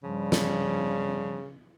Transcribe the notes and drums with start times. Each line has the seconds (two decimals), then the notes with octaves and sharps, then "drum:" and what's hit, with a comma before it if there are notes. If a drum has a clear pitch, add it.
0.03 G2 C#3 F3 G3
0.32 drum: snare